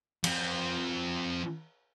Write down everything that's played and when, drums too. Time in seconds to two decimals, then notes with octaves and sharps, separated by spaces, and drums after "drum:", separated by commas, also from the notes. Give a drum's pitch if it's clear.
0.24 F3 C4, drum: cymbal